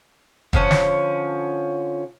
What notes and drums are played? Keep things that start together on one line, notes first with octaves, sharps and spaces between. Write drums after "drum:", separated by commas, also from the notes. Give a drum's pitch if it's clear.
D3 F3 C#4 C#5, drum: kick
drum: snare